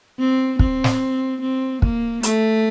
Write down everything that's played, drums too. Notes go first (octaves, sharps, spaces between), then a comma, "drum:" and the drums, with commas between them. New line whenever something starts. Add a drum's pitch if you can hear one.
C4
C4, drum: kick
drum: snare
C4
A#3, drum: kick
A3, drum: hi-hat